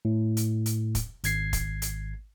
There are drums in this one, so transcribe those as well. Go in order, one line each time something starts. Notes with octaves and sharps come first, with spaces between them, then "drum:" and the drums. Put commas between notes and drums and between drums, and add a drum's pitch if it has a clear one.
A2
drum: hi-hat
drum: hi-hat
drum: kick, hi-hat
G#1 G#6 C7, drum: hi-hat
drum: kick, hi-hat
drum: hi-hat